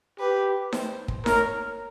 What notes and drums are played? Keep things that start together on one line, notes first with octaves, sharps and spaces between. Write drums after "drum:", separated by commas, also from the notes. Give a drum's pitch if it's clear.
G4 B4
C5, drum: snare D#4
drum: kick
A#4 C#5, drum: snare D#4